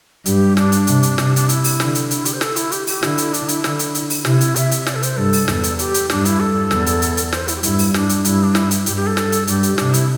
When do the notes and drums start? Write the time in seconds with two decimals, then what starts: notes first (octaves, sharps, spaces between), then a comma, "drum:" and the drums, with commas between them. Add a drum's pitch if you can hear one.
0.26 G2 G4, drum: hi-hat
0.57 D4, drum: snare
0.72 drum: hi-hat
0.87 C3, drum: hi-hat
1.03 drum: hi-hat
1.18 C3, drum: snare
1.36 D4, drum: hi-hat
1.49 E4, drum: hi-hat
1.64 drum: open hi-hat
1.80 D3, drum: snare
1.95 drum: hi-hat
2.11 E4, drum: hi-hat
2.25 G4, drum: hi-hat
2.33 C5
2.41 A4, drum: snare
2.56 E4, drum: hi-hat
2.72 G4, drum: hi-hat
2.87 G4, drum: open hi-hat
3.03 D3 E4, drum: snare
3.18 drum: hi-hat
3.34 D4, drum: hi-hat
3.48 E4, drum: hi-hat
3.64 D3, drum: snare
3.79 drum: hi-hat
3.95 drum: hi-hat
4.10 drum: open hi-hat
4.25 C3 E4, drum: snare
4.41 drum: hi-hat
4.56 C3 E5, drum: hi-hat
4.71 drum: hi-hat
4.87 D5, drum: snare
4.95 A4
5.03 C5, drum: hi-hat
5.17 G2 A4
5.33 drum: open hi-hat
5.48 E2, drum: snare
5.64 drum: hi-hat
5.79 G4, drum: hi-hat
5.94 drum: hi-hat
6.10 G2 D4, drum: snare
6.25 E4, drum: hi-hat
6.40 A4
6.71 E2, drum: snare
6.86 drum: hi-hat
7.02 drum: hi-hat
7.17 drum: hi-hat
7.32 C5, drum: snare
7.48 E4, drum: hi-hat
7.56 G4
7.63 G2 E4, drum: hi-hat
7.79 drum: open hi-hat
7.94 D4, drum: snare
8.09 drum: hi-hat
8.25 G2 E4, drum: hi-hat
8.44 D4
8.55 E4, drum: snare
8.71 drum: hi-hat
8.86 G2 G4, drum: hi-hat
8.96 G4
9.07 A4
9.17 drum: snare
9.32 drum: hi-hat
9.47 G2 G4, drum: hi-hat
9.63 drum: hi-hat
9.78 C3 D4, drum: snare
9.94 E4, drum: hi-hat